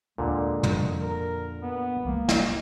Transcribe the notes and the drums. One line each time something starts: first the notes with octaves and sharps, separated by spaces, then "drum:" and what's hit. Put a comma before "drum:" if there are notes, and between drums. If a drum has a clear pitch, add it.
D#2 A#2 D3 G#3
F2 F3, drum: tom
A#4
B3
C2 E3 G#3 A#3
drum: snare